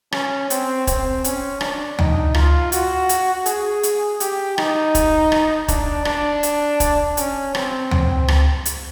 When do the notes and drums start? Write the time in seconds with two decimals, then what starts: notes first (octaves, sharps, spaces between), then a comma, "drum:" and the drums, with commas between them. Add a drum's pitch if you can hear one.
0.12 C#4, drum: rim click
0.50 C4, drum: hi-hat
0.87 C4, drum: kick, hi-hat
1.24 C#4, drum: hi-hat
1.61 D4, drum: rim click
1.99 D#4, drum: tom D2
2.34 F4, drum: rim click
2.72 F#4, drum: hi-hat
3.09 drum: hi-hat
3.46 G#4, drum: hi-hat
3.83 drum: hi-hat
4.20 G4, drum: hi-hat
4.58 D#4, drum: rim click
4.95 drum: kick, hi-hat
5.32 drum: rim click
5.68 D4, drum: kick, hi-hat
6.05 D4, drum: rim click
6.43 drum: hi-hat
6.80 drum: kick, hi-hat
7.17 C#4, drum: hi-hat
7.55 C4, drum: rim click
7.91 drum: tom D2
8.28 drum: rim click
8.65 drum: hi-hat